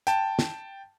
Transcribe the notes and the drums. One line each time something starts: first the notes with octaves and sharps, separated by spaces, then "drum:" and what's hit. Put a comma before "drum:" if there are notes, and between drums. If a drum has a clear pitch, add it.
G5 A5, drum: hi-hat
drum: snare